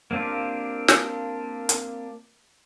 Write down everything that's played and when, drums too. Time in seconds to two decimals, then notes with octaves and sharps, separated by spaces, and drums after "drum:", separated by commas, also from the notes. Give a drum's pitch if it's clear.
0.11 A#3 C4 D4 F4 G4
0.88 drum: snare
1.69 drum: hi-hat